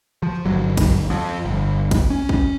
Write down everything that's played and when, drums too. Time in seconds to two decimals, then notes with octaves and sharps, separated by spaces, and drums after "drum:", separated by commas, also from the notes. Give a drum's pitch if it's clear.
0.23 F3
0.45 G1 F#3
0.77 drum: kick, cymbal
1.10 F2
1.45 G1
1.91 drum: kick, cymbal
2.10 C#4
2.29 drum: kick